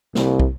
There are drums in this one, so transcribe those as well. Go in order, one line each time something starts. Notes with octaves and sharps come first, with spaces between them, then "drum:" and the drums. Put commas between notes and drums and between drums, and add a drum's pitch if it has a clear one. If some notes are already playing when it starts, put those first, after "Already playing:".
C2, drum: snare
drum: kick